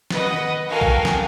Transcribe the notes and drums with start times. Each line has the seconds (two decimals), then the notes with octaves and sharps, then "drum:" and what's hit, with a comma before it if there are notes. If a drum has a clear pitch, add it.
0.11 B4 D#5 F#5, drum: snare
0.34 drum: tom D#3
0.68 F#4 A4 A#4 F5 G5 G#5
0.81 drum: kick
1.05 drum: snare